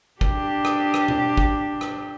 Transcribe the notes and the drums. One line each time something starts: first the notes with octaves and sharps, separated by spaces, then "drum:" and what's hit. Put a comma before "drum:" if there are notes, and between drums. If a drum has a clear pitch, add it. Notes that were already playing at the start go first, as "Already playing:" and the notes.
D4 G4, drum: kick
drum: rim click
drum: rim click
drum: tom B2
drum: kick
drum: rim click